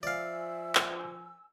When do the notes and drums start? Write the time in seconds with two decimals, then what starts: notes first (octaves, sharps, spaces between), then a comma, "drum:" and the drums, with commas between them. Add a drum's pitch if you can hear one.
0.03 F3 D5 E5 F5 G#5 E6
0.75 drum: clap